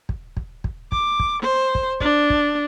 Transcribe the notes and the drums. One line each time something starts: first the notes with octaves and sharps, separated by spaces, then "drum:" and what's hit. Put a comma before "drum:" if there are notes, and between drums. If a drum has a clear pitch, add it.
drum: kick
drum: kick
drum: kick
D6, drum: kick
drum: kick
C5
drum: kick
D4, drum: kick
drum: kick